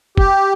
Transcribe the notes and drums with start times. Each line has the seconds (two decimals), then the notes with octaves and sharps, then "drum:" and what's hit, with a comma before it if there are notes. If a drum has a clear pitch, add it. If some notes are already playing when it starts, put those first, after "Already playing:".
0.17 G4, drum: kick